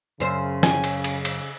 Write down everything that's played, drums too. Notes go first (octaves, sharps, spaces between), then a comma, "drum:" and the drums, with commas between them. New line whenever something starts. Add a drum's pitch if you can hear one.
F#2 C#3 C5 E5
G#5, drum: snare
drum: cymbal
drum: cymbal
drum: cymbal